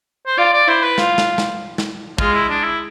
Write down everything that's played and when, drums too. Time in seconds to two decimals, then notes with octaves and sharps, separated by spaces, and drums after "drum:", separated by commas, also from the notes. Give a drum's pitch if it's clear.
0.27 C5
0.37 F4 D5
0.53 D5
0.68 E4 C5
0.83 B4
0.98 F4, drum: snare
1.18 drum: snare
1.38 drum: snare
1.78 drum: snare
2.18 G#3 F4, drum: kick
2.34 E4
2.49 D4
2.63 E4